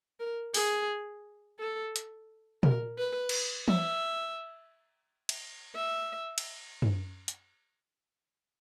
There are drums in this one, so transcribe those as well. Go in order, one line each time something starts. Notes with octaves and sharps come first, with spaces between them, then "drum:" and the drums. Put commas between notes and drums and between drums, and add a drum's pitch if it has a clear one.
A#4
G#4, drum: open hi-hat
A4
drum: hi-hat
A#4, drum: tom
B4
drum: cymbal
E5, drum: tom E3
drum: cymbal
E5
drum: cymbal
drum: tom F#2
drum: hi-hat